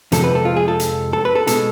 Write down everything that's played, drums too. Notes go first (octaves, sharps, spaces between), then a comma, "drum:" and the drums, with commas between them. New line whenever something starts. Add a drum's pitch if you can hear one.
F2 C3 F3 G#3 A4, drum: hi-hat
B4
A4
F4
G#4
A4
drum: hi-hat
A4
B4
A4
B2 G#3 A4, drum: hi-hat